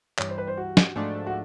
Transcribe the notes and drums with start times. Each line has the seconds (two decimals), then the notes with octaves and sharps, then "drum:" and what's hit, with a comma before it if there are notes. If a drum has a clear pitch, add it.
0.18 G2 E3 G3 C#5, drum: clap
0.29 C5
0.38 B4
0.47 C5
0.57 F#4
0.77 drum: snare
0.96 G#2 F3 A3 D4
1.27 F#4